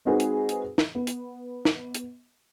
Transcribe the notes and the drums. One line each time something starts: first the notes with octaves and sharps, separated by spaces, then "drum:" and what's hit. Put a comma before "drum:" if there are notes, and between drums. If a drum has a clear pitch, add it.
G#3 C4 D#4 F#4 G#4 B4
drum: hi-hat
drum: hi-hat
drum: snare
B3
drum: hi-hat
drum: snare
drum: hi-hat